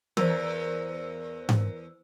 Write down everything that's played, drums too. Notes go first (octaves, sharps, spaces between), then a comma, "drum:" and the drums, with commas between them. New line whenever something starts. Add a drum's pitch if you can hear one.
E2 A#4 C5 E6, drum: tom
drum: tom G#2